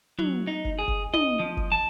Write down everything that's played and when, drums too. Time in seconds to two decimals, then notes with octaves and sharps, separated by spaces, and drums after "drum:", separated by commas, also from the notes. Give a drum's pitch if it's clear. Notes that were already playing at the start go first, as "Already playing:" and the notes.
0.19 F#3, drum: tom
0.47 D#4
0.65 drum: kick
0.79 G#4
0.88 drum: kick
1.14 D#5, drum: tom
1.39 F3
1.57 drum: kick
1.72 A5